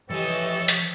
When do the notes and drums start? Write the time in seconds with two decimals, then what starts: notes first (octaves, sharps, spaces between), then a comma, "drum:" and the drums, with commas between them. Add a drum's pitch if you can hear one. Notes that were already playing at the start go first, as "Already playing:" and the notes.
0.10 E3 F3 G4 A4 C#5 D#5 G#5
0.68 drum: hi-hat